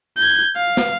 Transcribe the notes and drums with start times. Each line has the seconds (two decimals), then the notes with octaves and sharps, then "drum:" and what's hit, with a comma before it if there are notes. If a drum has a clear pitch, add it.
0.18 G6 G#6
0.57 F5
0.77 drum: snare